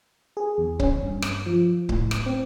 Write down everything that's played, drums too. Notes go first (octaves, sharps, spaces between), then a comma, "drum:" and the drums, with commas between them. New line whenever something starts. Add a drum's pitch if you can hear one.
G#4
E2
C#4, drum: kick C#1
G2
drum: rim click
F3
A2, drum: kick C#1
drum: rim click
C4